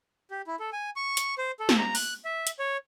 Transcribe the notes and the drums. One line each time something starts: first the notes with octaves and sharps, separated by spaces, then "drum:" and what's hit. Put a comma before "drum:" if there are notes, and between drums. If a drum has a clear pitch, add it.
G4
E4
A4
G#5
C#6
drum: hi-hat
C5
A4
drum: snare
A#5
F#6, drum: open hi-hat
E5
drum: hi-hat
C#5